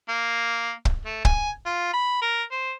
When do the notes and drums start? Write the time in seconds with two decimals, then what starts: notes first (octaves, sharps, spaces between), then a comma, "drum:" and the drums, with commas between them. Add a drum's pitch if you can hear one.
0.09 A#3
0.85 drum: kick
1.05 A3
1.25 G#5, drum: kick
1.66 F4
1.93 B5
2.22 A#4
2.51 C5